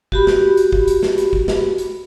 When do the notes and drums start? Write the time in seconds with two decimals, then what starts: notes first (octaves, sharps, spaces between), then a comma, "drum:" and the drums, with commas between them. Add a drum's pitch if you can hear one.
0.12 F#4 G4 B5, drum: kick
0.27 drum: snare
0.57 drum: hi-hat
0.72 drum: kick
0.88 drum: hi-hat
1.03 drum: snare
1.18 drum: hi-hat
1.33 drum: kick
1.48 drum: snare
1.78 drum: hi-hat